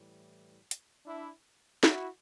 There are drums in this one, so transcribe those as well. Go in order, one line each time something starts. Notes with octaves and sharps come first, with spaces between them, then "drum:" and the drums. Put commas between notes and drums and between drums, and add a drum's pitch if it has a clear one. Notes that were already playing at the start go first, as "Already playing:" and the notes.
Already playing: A2 E3 G3
drum: hi-hat
D4 E4
E4 F#4, drum: snare